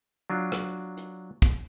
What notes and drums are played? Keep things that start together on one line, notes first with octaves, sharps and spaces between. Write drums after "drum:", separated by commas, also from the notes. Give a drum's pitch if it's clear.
F#3 D4 F4
drum: rim click
drum: hi-hat
drum: kick, hi-hat